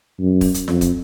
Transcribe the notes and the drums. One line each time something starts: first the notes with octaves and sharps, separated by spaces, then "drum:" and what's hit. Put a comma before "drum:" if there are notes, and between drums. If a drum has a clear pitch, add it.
F#2
drum: kick, open hi-hat
drum: hi-hat
F2, drum: snare F4
drum: kick, hi-hat